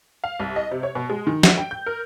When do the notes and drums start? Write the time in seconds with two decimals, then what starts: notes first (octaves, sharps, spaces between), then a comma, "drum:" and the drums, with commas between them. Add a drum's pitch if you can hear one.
0.24 F5
0.40 C2
0.56 D#5
0.71 C3
0.83 C#5
0.95 B2
1.10 G#3
1.27 D#3
1.43 F#4, drum: snare
1.58 G5
1.71 G6
1.86 A#4